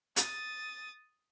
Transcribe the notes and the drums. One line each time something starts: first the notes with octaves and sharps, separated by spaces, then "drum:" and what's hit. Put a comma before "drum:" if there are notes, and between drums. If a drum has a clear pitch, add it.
D#6 A6, drum: hi-hat